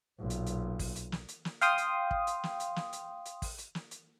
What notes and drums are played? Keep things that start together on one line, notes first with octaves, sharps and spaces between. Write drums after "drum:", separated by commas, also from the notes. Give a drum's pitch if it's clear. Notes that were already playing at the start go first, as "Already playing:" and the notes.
B1 A#2
drum: hi-hat
drum: hi-hat
drum: kick, open hi-hat
drum: hi-hat
drum: snare
drum: hi-hat
drum: snare
F5 G5 C6 D#6, drum: hi-hat
drum: hi-hat
drum: kick
drum: hi-hat
drum: snare
drum: hi-hat
drum: snare
drum: hi-hat
drum: hi-hat
drum: kick, open hi-hat
drum: hi-hat
drum: snare
drum: hi-hat